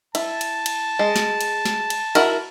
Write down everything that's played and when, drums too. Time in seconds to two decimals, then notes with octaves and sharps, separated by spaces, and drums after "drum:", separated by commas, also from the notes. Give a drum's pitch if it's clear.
0.15 E4 A5, drum: cymbal
0.41 drum: cymbal
0.66 drum: cymbal
0.99 G#3
1.16 drum: snare
1.41 drum: cymbal
1.65 drum: snare
1.90 drum: cymbal
2.15 E4 F#4 A#4, drum: cymbal